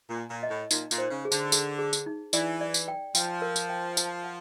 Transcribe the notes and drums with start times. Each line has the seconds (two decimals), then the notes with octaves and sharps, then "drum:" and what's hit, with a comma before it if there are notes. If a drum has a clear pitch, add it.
0.09 A#2
0.16 G#5
0.29 A#2
0.43 D#5
0.50 A2
0.71 A#2 D#4, drum: tambourine
0.91 A#2, drum: tambourine
0.98 C5
1.11 C#3
1.25 G#4
1.32 D3, drum: tambourine
1.52 G#4, drum: tambourine
1.79 G#4
1.93 drum: tambourine
2.06 D#4
2.33 E3 D5, drum: tambourine
2.61 D5
2.74 drum: tambourine
2.88 G5
3.15 F3 G5, drum: tambourine
3.42 A#4
3.56 drum: tambourine
3.69 G5
3.97 A5, drum: tambourine
4.24 F#5